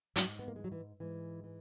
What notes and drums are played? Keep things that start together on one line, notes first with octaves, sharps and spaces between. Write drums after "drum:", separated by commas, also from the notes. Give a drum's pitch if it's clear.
G#2 F#3, drum: hi-hat
B3
A#3
E3 G#3
F#3
E3
G#2 E3
E3